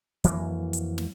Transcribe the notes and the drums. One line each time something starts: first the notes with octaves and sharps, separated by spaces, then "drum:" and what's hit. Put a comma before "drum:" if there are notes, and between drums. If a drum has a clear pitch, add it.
F2 E3 F#3 A#3, drum: hi-hat
drum: hi-hat
drum: snare